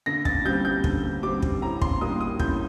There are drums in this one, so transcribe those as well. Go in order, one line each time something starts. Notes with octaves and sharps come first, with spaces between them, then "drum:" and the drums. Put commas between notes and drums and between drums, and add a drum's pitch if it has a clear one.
D3 A#6
A6, drum: kick
G3 C4 G6
G6
D3, drum: kick
G3 C4 D6
drum: kick
A2 A#5
C6, drum: kick
G3 A#3 D4 D#6
D#6
A2 G6, drum: kick